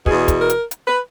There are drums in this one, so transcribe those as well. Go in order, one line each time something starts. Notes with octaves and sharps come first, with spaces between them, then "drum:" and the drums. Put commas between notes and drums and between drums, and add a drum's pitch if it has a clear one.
E2 B2 G#4, drum: kick
drum: kick, hi-hat
A#4
drum: hi-hat
drum: hi-hat
B4